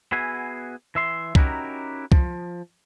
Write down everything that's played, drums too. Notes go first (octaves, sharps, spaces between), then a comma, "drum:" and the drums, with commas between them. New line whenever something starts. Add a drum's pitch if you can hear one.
B3 F#4 G#4 E5 G#5
E3 E5 C6
C#4 D#4 E4 F#4 G4 A#4, drum: kick
F3, drum: kick